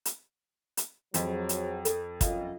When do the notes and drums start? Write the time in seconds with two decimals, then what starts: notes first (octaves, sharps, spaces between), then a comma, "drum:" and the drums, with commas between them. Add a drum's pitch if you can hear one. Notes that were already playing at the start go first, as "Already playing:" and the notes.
0.05 drum: hi-hat
0.77 drum: hi-hat
1.14 F2 F#3 F4 G#4 C5 D#5 F5, drum: hi-hat
1.49 drum: hi-hat
1.85 A4, drum: hi-hat
2.21 F#2 F4 D#5 F5, drum: kick, hi-hat